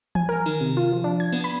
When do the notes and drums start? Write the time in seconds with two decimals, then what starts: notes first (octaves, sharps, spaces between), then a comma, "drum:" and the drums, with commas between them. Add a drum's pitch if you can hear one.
0.15 G#5, drum: tom E3
0.29 A#4
0.46 D#3, drum: cymbal
0.61 C3
0.77 F4
0.92 F3
1.04 D4
1.20 G#6
1.33 B3, drum: cymbal
1.44 B5